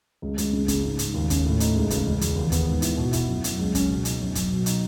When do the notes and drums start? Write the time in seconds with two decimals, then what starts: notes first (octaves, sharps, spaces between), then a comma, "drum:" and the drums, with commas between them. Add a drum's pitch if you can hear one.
0.22 C#2
0.38 C#2, drum: hi-hat
0.53 C#3
0.68 C#3, drum: kick F#1, hi-hat
0.84 G#2
0.99 G#2, drum: hi-hat
1.14 D#2
1.30 C#4, drum: kick F#1, hi-hat
1.45 A2
1.60 D#4, drum: hi-hat
1.75 C#2
1.90 C#2, drum: kick F#1, hi-hat
2.06 E2
2.21 E2, drum: hi-hat
2.36 D#2
2.52 B3, drum: kick F#1, hi-hat
2.67 G#2
2.82 E4, drum: hi-hat
2.97 B2
3.13 E4, drum: kick F#1, hi-hat
3.28 F#2
3.44 F#2, drum: hi-hat
3.59 C#2
3.75 C#4, drum: kick F#1, hi-hat
3.89 B2
4.05 D#4, drum: hi-hat
4.21 F#2
4.35 F#2, drum: kick F#1, hi-hat
4.51 B2
4.66 D#4, drum: hi-hat